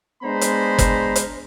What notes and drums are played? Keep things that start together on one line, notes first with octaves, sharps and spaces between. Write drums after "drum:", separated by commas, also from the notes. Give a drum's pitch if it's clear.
G#3 B3 D4 C5 A#5 B5
drum: hi-hat
drum: kick, hi-hat
drum: hi-hat